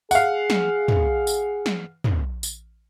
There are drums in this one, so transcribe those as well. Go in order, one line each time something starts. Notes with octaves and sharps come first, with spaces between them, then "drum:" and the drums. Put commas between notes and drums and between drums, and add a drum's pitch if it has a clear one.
G#4 F5 F#5, drum: tambourine
drum: snare
drum: tom
drum: tambourine
drum: snare
drum: tom
drum: tambourine